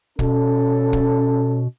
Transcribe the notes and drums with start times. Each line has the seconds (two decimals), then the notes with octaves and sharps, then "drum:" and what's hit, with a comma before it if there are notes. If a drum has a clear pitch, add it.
0.19 B2 C#4 A4, drum: kick
0.93 drum: kick